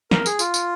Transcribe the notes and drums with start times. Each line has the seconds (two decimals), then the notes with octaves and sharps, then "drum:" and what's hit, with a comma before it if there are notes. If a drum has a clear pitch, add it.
0.11 A#4, drum: snare
0.26 G#4, drum: tambourine
0.39 F4, drum: tambourine
0.54 drum: tambourine